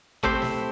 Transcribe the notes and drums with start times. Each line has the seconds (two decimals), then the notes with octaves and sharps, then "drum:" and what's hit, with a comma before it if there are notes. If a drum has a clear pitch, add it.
0.24 A3 C4 E4 G4 C5, drum: kick
0.42 drum: snare